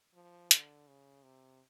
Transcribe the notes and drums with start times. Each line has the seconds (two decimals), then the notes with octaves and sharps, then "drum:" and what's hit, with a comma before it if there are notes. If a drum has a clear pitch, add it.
0.14 F3
0.51 D3, drum: hi-hat
0.88 C#3
1.23 C3